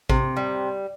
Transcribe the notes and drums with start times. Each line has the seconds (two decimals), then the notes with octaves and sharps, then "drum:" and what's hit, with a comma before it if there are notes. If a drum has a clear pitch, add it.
0.10 C3, drum: kick A1
0.37 G3